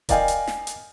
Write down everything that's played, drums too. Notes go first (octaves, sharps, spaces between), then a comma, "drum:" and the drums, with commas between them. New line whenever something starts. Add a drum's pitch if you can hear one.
A#4 D5 D#5 F5 G5 G#5, drum: kick E1, hi-hat
drum: hi-hat
drum: snare
drum: hi-hat